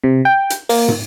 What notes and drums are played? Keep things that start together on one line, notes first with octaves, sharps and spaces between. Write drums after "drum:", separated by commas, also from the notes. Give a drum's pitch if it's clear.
C3
G5
drum: hi-hat
A#3, drum: open hi-hat
drum: tom